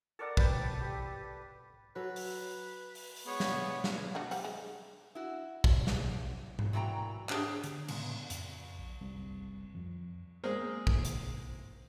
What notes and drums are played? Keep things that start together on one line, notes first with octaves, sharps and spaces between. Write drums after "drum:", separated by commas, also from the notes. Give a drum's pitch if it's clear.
A4 A#4 D5 F#5
B4 G5, drum: kick
G4
F#3 A4 B4
drum: open hi-hat
drum: open hi-hat
drum: open hi-hat
G#3 B3 C#5
drum: snare
drum: snare
D4 D#4 F#4
F3 G3 F#5, drum: open hi-hat
G#3 D4
E4 F#4
drum: kick
drum: snare
drum: tom G#2
A#2 E3 F#4 G5 G#5 A#5
D4 G4 G#4, drum: clap
D3, drum: hi-hat
A2 C#3 G#3 B3, drum: cymbal
F2, drum: hi-hat
A#1
F#1 C2 G3 C4
F2 F3
G#3 A#3 C4 G#4 A#4 C5
drum: kick
drum: hi-hat